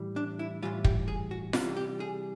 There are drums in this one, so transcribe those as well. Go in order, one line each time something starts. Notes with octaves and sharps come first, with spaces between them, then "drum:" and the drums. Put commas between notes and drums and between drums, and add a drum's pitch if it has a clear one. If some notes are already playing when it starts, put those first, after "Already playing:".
Already playing: A2 E3 G3
D4
E4
A2 E3 G3 F4
G4, drum: kick
G#4
F#4
C3 E3 G3 F4, drum: snare F4
G4
G#4